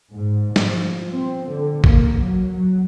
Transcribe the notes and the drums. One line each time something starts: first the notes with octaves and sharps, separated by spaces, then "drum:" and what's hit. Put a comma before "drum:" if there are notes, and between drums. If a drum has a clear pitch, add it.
G#2
F3, drum: snare
C4
D3
A#3, drum: kick A1
F#3
F#3